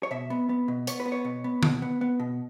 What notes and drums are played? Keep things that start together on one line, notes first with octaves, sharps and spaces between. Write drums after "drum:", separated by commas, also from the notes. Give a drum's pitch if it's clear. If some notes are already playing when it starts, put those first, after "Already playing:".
C#5
B2 E5
B3
B3
B2
B3 C#5, drum: hi-hat
B4
B3
C#5
B2
B3
B2, drum: tom D3
B3
B3
B2